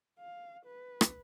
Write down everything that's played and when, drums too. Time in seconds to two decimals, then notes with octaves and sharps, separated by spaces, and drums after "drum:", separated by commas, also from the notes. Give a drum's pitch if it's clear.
0.19 F5
0.65 B4
1.01 drum: rim click